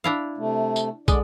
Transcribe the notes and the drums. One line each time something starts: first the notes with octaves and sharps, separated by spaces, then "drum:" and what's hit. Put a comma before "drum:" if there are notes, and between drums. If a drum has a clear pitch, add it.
D4 E4 F5
C3 A3
drum: tambourine
D3 G#3 D5, drum: kick, tambourine